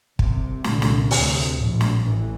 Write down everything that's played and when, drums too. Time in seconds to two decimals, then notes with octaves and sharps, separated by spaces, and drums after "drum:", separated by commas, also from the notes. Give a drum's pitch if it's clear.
0.19 C2 C3, drum: kick
0.64 C2 A#2 D3, drum: snare
0.82 drum: snare
1.11 D2 C3, drum: open hi-hat
1.57 A#1 A2
1.81 drum: snare
2.03 A1 A2 E3